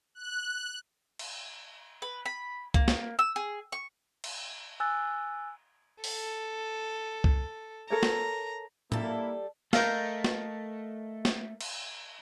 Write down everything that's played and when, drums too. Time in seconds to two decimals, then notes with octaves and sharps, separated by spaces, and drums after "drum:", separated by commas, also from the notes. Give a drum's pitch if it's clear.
0.15 F#6
1.19 drum: cymbal
2.02 B4
2.26 B5
2.74 A#3, drum: kick C2
2.88 drum: snare
3.19 E6
3.36 G#4
3.72 C#6
4.24 drum: cymbal
4.80 G#5 E6 F#6 A6
6.04 A4, drum: open hi-hat
7.24 drum: kick C2
7.90 A4 A#4 C#5 A#5
8.03 drum: snare
8.92 G3 A#3 E4 A4, drum: tom A2
9.73 A3 A4 A#4 D#5 F5 G6, drum: snare
10.24 drum: snare
11.25 drum: snare
11.61 drum: cymbal